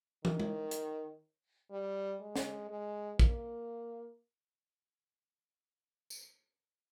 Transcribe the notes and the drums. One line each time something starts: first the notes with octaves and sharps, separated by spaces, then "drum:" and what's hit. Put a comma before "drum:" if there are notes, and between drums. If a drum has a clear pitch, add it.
D#3, drum: tom
drum: tom G#3
drum: hi-hat
G3
G#3
drum: snare
G#3
A#3, drum: kick
drum: tambourine